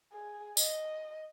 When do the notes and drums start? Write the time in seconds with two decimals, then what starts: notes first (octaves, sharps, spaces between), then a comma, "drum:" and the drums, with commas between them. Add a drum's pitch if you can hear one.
0.12 G#4
0.57 D#5, drum: tambourine